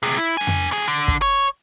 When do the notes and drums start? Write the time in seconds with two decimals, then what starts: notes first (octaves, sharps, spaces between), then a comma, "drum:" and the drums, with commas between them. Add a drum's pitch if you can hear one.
0.03 C3 G#4
0.18 E4
0.37 D4 G#5
0.47 drum: tom F2
0.71 F2 G#4
0.88 D3
1.08 drum: kick
1.22 C#5